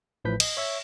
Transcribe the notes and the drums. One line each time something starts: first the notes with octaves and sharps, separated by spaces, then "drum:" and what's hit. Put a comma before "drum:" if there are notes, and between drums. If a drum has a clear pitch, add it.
A1 A2 F3 B4 G6 B6
D#5, drum: cymbal
C#5 E5 C#6